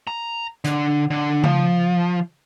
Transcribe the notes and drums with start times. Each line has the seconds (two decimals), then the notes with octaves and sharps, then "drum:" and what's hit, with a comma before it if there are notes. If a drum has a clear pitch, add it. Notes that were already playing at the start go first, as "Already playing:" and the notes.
0.07 A#5
0.65 D3, drum: hi-hat
1.11 D3
1.44 F3, drum: tom C#3